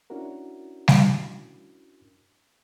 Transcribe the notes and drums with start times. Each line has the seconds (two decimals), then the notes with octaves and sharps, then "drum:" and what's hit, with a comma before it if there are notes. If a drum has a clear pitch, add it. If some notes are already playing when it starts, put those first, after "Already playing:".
0.10 C#4 D4 E4 F#4 A#4
0.88 drum: snare